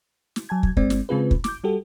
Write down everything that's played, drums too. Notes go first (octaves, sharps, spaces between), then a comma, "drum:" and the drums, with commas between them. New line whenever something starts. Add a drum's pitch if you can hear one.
drum: snare
F#3 G#5 A5 G#6
drum: kick
G1 G#3 C4 D5, drum: kick
drum: snare
C#3 G#3 C4 F4 G#4 B4
drum: kick
D6 G6, drum: snare
G3 F#4 G4 A4